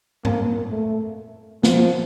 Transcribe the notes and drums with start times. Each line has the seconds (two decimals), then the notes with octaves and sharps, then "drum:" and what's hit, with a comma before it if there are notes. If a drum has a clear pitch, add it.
0.25 A#3, drum: tom G#2
0.71 A3
1.63 F3, drum: snare